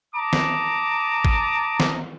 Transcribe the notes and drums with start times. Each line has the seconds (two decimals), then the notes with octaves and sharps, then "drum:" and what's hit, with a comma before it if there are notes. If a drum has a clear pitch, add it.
0.14 A5 A#5 D6 D#6
0.33 drum: snare
1.25 drum: kick G#1
1.80 drum: snare